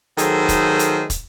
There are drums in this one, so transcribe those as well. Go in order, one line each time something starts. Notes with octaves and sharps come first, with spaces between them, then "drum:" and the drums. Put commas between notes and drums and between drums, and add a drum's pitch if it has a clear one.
D#3 F#3 A3 G#4 A4 C5, drum: hi-hat
drum: kick, hi-hat
drum: hi-hat
drum: kick, hi-hat